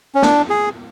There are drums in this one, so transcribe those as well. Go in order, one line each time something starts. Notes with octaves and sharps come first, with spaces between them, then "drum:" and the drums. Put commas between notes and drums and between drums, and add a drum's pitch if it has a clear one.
C#4
D4, drum: snare
G#4